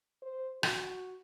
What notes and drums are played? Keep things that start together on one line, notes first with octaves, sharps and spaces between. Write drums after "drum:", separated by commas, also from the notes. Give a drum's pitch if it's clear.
C5
F#4, drum: rim click